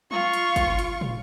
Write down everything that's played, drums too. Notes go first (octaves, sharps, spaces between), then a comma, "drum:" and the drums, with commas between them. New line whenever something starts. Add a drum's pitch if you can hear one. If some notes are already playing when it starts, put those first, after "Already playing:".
F4 C#6, drum: tom F3
drum: hi-hat
drum: kick, hi-hat
drum: hi-hat
drum: tom